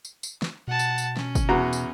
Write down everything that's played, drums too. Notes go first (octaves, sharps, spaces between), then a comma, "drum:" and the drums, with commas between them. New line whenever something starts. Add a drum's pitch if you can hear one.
drum: tambourine
drum: tambourine
drum: snare
B2 F#5 A5
drum: tambourine
drum: tambourine
C#4, drum: snare
drum: kick, tambourine
E2 F#4 A#5
drum: tambourine